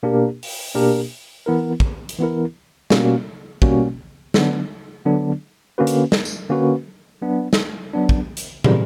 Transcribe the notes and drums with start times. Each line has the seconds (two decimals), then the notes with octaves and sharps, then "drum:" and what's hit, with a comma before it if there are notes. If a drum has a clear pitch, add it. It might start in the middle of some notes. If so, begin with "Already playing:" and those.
0.03 B2 A#3 D4 G4 A#4
0.43 drum: open hi-hat
0.75 B2 A#3 D4 G4 A#4
1.46 E3 B3 E4 A#4
1.80 drum: kick
2.09 drum: hi-hat
2.19 E3 B3 E4 A#4
2.90 B2 G3 A#3 C#4 F#4, drum: snare
3.62 B2 G3 A#3 C#4 F#4, drum: kick
4.34 D3 F#3 B3 D4, drum: snare
5.06 D3 F#3 B3 D4
5.78 D3 A#3 C#4 F#4 B4
5.87 drum: hi-hat
6.12 drum: snare
6.25 drum: tambourine
6.49 D3 A#3 C#4 F#4 B4
7.22 F#3 B3 D4
7.53 drum: snare
7.93 F#3 B3 D4
8.09 drum: kick
8.37 drum: hi-hat
8.64 C#3 E3 G3, drum: tom